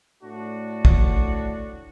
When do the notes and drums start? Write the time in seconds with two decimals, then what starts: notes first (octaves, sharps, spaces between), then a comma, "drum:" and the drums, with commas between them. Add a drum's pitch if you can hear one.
0.23 A2 D4 F#4
0.85 drum: kick